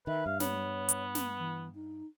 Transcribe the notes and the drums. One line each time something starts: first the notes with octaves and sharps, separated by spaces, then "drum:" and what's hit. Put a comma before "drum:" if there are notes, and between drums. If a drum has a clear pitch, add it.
D#3 B4 E5
G2 F5
B3 C#5, drum: snare
drum: hi-hat
drum: snare
E3
D#4